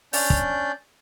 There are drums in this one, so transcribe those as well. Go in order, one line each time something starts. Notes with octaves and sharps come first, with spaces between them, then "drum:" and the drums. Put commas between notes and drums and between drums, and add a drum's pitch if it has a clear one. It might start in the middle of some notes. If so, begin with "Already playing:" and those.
C#4 D4 D5 G6, drum: open hi-hat
drum: kick